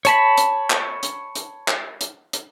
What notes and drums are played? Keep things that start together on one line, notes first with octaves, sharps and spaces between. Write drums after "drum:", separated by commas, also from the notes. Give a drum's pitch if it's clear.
C#5 A5 B5, drum: hi-hat
drum: hi-hat
drum: clap
drum: hi-hat
drum: hi-hat
drum: clap
drum: hi-hat
drum: hi-hat